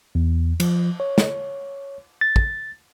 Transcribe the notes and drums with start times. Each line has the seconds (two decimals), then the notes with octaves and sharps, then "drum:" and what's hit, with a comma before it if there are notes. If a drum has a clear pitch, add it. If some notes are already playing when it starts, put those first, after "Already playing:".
0.15 E2
0.60 F3, drum: cymbal
1.00 C#5
1.18 drum: snare
2.21 A6
2.36 drum: kick